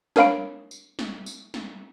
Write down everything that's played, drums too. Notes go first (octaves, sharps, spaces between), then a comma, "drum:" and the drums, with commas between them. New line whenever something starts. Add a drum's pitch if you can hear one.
D4 A#4 C#5 F5 B5 D7, drum: snare
drum: tambourine
drum: snare
drum: tambourine
drum: snare